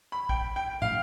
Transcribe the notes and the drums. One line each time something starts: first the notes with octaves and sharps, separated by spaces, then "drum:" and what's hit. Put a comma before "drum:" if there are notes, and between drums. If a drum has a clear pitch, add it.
B5
G5, drum: kick
G5
F5, drum: tom